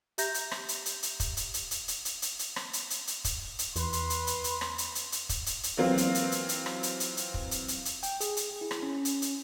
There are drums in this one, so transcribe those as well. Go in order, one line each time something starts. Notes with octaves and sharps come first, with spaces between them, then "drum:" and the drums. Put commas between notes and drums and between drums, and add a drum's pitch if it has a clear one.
G4 E5 A#5 G6 A#6, drum: hi-hat
drum: hi-hat
drum: rim click
drum: hi-hat
drum: hi-hat
drum: hi-hat
drum: kick, hi-hat
drum: hi-hat
drum: hi-hat
drum: hi-hat
drum: hi-hat
drum: hi-hat
drum: hi-hat
drum: hi-hat
drum: rim click
drum: hi-hat
drum: hi-hat
drum: hi-hat
drum: kick, hi-hat
drum: hi-hat
E2 B4 C6, drum: hi-hat
drum: hi-hat
drum: hi-hat
drum: hi-hat
drum: hi-hat
drum: rim click
drum: hi-hat
drum: hi-hat
drum: hi-hat
drum: kick, hi-hat
drum: hi-hat
drum: hi-hat
E3 F#3 A#3 C4 F4
drum: hi-hat
drum: hi-hat
drum: hi-hat
drum: hi-hat
drum: rim click
drum: hi-hat
drum: hi-hat
drum: hi-hat
drum: kick
drum: hi-hat
drum: hi-hat
drum: hi-hat
G5, drum: hi-hat
G#4, drum: hi-hat
drum: hi-hat
E4
drum: rim click
C#4
drum: hi-hat
drum: hi-hat